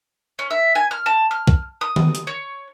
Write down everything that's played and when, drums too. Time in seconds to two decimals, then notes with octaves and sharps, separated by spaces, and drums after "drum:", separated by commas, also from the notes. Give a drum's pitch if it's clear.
0.39 C#4
0.50 E5
0.75 G#5
0.91 F6
1.06 A5
1.31 F6
1.48 drum: kick
1.81 D#6
1.96 drum: tom D#3
2.15 drum: hi-hat
2.27 C#5